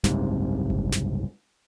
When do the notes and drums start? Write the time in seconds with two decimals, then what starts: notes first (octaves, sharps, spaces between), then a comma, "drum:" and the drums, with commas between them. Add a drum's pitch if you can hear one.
0.04 F#1 C2 G#2 C3, drum: snare
0.70 drum: kick G1
0.92 drum: snare